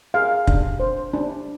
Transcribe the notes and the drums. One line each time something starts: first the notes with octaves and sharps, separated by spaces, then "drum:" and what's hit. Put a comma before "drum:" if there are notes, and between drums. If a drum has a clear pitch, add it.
G#4 F5
D4, drum: kick
C5
D4